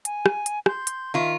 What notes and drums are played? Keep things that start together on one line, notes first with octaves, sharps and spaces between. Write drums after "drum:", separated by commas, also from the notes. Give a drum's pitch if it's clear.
G#5, drum: hi-hat
drum: rim click
drum: hi-hat
C6 G6, drum: rim click
drum: hi-hat
D#3 F4 E5